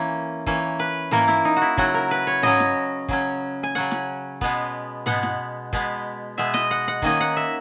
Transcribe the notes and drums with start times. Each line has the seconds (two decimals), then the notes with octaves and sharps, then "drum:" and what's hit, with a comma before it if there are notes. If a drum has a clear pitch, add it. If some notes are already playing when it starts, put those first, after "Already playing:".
Already playing: E3 A#3 C#4
0.46 E3 A#3 C#4, drum: kick
0.79 B4
1.11 E3 A#3 C#4 A#4, drum: tom G#2
1.28 E4, drum: snare
1.45 D#4
1.56 F#4
1.62 E4
1.78 C#3 F#3 C#4 F#4, drum: kick
1.94 A#4
2.11 B4
2.27 C#5
2.42 C#3 F#3 C#4 D#5, drum: tom G#2
2.60 drum: snare
3.08 C#3 F#3 C#4, drum: kick
3.63 G#5
3.75 C#3 F#3 C#4 F#5
3.91 drum: snare
4.41 B2 G#3 B3, drum: kick
5.06 B2 G#3 B3 F#5, drum: tom G#2
5.23 drum: snare
5.73 B2 G#3 B3, drum: kick
6.38 B2 G#3 B3 E5
6.54 D#5, drum: snare
6.71 F#5
6.88 F#5
7.02 D#3 A#3 C#4 D#5, drum: kick
7.20 F#5
7.36 E5